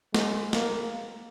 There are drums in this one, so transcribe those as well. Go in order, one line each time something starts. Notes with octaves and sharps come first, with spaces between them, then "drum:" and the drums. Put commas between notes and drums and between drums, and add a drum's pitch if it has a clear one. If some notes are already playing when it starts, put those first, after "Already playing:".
G#3, drum: snare
A#3, drum: snare